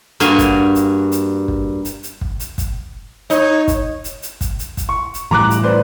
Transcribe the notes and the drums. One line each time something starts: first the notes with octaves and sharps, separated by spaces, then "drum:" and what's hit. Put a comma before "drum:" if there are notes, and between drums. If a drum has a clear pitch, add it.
G2 A#3 F#4 G#5, drum: hi-hat
drum: kick, hi-hat
drum: hi-hat
drum: hi-hat
drum: kick
drum: hi-hat
drum: hi-hat
drum: kick
drum: hi-hat
drum: kick, hi-hat
D#4 C#5, drum: hi-hat
drum: kick, hi-hat
drum: hi-hat
drum: hi-hat
drum: kick, hi-hat
drum: hi-hat
drum: kick, hi-hat
C#6
drum: hi-hat
A2 E3 G3 A#5 D6 F#6
drum: hi-hat
B4 C5 D5